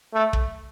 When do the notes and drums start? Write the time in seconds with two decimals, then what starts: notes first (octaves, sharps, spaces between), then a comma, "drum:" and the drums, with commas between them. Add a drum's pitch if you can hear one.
0.14 A3
0.33 drum: kick